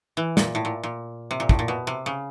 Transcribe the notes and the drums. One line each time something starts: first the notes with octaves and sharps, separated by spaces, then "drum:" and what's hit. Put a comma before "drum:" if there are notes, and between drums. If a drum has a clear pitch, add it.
E3
A#2, drum: snare
A2
A#2
A#2
C3
A#2
A2, drum: kick
A#2
B2
C3
C#3